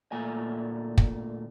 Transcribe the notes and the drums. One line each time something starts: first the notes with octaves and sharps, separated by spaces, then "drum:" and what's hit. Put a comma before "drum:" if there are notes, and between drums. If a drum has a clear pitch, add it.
D2 A#2 A3 G#5
drum: kick